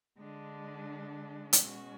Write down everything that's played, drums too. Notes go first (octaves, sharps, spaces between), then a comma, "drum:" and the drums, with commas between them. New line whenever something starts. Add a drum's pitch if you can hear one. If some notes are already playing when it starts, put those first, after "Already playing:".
D3 G#3 D4
drum: hi-hat
B2 G#3 C#4 F#4